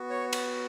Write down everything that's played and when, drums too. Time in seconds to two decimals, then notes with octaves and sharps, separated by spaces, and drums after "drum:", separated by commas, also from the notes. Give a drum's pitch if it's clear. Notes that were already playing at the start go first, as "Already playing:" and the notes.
Already playing: B3 F#4
0.10 C#5
0.33 drum: cymbal